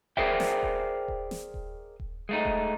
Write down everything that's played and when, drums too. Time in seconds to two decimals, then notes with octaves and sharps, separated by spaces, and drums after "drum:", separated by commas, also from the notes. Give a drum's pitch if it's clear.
0.17 G#4 A#4 C5 D5 E5 G5, drum: kick D#1
0.40 drum: snare
0.63 drum: kick D#1
1.08 drum: kick D#1
1.31 drum: snare
1.54 drum: kick D#1
2.00 drum: kick D#1
2.29 G#3 A3 D#4
2.45 drum: kick D#1